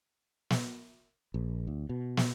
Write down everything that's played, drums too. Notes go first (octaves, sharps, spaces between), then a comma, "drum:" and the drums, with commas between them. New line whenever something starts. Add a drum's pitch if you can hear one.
drum: snare
A#1
D2
B2
drum: snare